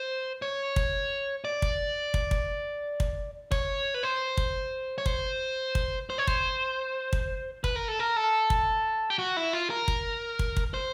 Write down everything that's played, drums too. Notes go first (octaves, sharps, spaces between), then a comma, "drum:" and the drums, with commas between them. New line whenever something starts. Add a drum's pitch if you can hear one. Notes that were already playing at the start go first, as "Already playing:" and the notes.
Already playing: C5
C#5
drum: kick
D5
drum: kick
drum: kick
drum: kick
drum: kick
C#5, drum: kick
B4
C5
drum: kick
C#5
C5, drum: kick
drum: kick
C5
C#5
C5, drum: kick
drum: kick
B4, drum: kick
A#4
A4
A#4
A4
drum: kick
G4
F#4
E4
F4
A#4
drum: kick
drum: kick
drum: kick
C5